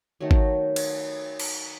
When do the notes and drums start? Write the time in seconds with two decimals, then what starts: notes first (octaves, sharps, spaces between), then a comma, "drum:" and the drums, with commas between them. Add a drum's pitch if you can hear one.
0.21 D#3 F#3 A3
0.31 drum: kick G#1
0.76 drum: cymbal
1.40 drum: cymbal